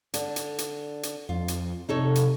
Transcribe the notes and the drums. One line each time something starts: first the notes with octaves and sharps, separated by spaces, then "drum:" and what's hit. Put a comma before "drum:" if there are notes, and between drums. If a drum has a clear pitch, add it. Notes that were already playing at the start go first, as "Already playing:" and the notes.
D3, drum: hi-hat
drum: hi-hat
drum: hi-hat
drum: hi-hat
F2 F4
drum: hi-hat
C3 D#4 A4 C#5
drum: hi-hat